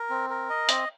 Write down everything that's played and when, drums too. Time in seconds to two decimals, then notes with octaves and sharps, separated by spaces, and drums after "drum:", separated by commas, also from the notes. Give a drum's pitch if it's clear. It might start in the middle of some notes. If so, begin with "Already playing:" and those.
Already playing: A#4
0.10 C4
0.30 A#4
0.49 D#5
0.69 C4, drum: hi-hat